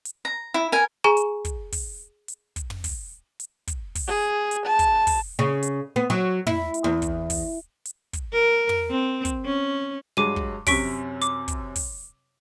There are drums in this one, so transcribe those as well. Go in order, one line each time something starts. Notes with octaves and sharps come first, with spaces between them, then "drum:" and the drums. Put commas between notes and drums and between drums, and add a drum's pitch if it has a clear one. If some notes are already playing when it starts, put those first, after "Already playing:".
drum: hi-hat
A#5
E4
A#4 G#5
G#4 G#5 A#5 C#6 E7
drum: hi-hat
drum: kick, hi-hat
drum: kick, open hi-hat
drum: hi-hat
drum: kick, hi-hat
drum: tom
drum: kick, open hi-hat
drum: hi-hat
drum: kick, hi-hat
drum: kick, open hi-hat
G#4
drum: hi-hat
A5
drum: kick, hi-hat
drum: kick, open hi-hat
C#3
drum: hi-hat
B3
F#3
E4, drum: tom
drum: hi-hat
E2
drum: kick, hi-hat
drum: kick, open hi-hat
drum: hi-hat
drum: kick, hi-hat
A#4
drum: tom
C4
drum: kick, hi-hat
C#4
G2 F#3 G#3 D6 D#7
drum: kick
F#2 C3 C#6 B6 D7, drum: kick, open hi-hat
D6, drum: hi-hat
drum: kick, hi-hat
drum: kick, open hi-hat